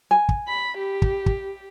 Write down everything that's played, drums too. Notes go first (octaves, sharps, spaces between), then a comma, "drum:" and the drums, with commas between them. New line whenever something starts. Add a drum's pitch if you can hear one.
G#5
drum: kick
B5
G4
drum: kick
drum: kick